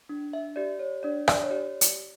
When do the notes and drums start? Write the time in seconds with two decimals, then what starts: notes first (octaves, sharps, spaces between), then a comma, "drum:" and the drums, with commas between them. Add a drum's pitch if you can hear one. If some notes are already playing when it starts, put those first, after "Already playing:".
0.09 D4
0.33 E5
0.56 G4 D5
0.79 C#5
1.03 D4 D5
1.28 D5, drum: rim click
1.43 C#5
1.51 G4 D5
1.81 drum: hi-hat